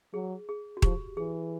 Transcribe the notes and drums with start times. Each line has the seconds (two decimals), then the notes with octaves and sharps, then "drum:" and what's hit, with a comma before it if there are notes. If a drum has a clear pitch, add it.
0.13 F#3 G#4
0.49 G#4
0.77 F#4
0.82 F3 G4, drum: kick D#1
1.17 E3 G#4